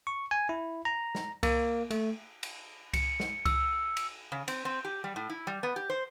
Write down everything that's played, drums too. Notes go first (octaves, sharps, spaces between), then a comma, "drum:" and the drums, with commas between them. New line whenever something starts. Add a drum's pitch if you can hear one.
C#6
G#5
E4
A#5
drum: snare
A#3, drum: kick C2, cymbal
A3, drum: cymbal
drum: cymbal
C#7, drum: kick C2, cymbal
drum: snare
E6, drum: kick C2, cymbal
drum: cymbal
C#3
C4, drum: cymbal
C4
G4
G3
A2
E4
G3
B3
G4
C5